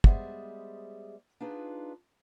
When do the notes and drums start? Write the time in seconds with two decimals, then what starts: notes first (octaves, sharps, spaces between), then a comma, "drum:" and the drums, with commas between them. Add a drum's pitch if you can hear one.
0.04 G3 G#3 B3 G#4 C5 E5, drum: kick
1.40 D4 D#4 F4 G#4 B4